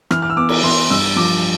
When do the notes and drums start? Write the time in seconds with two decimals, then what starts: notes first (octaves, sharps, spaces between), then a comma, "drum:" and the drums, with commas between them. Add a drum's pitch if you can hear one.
0.11 E3 F6, drum: rim click
0.22 F6
0.30 E6
0.37 B3 D6
0.49 drum: cymbal
0.63 E3 C6
0.91 G2 E6
1.16 F3 D6